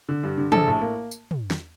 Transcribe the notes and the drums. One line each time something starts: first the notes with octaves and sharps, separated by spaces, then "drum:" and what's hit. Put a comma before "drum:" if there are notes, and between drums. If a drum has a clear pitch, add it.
D3
G2
D3
A#1 A4, drum: tom
A2
A#3
drum: tambourine
drum: tom
drum: snare